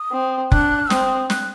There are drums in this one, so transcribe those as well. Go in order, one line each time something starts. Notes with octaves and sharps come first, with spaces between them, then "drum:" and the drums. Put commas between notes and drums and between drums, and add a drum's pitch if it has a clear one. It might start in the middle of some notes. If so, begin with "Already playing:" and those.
Already playing: D#6
C4
D4 F#6, drum: kick F1
C4 D#6, drum: snare
F#6, drum: snare